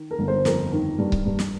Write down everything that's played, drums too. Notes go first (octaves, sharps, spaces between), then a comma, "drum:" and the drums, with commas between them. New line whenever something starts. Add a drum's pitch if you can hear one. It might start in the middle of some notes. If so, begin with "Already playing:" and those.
Already playing: D#3
A#4
G1
C5
F2 A#4, drum: snare
D#3
G2
drum: kick C#1
G2
drum: snare